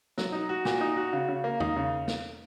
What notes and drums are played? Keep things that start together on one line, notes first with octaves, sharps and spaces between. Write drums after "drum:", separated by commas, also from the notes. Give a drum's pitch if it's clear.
F#3, drum: snare
D#4
F#4
A#2, drum: snare
D#4
F#4
C#3
C#3
A#3
D#4, drum: tom E2
C#3
drum: snare